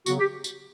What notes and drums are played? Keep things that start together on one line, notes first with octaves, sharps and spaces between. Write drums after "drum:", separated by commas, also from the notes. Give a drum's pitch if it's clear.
C#3 F#3 B3 F#4, drum: tambourine
G4
drum: tambourine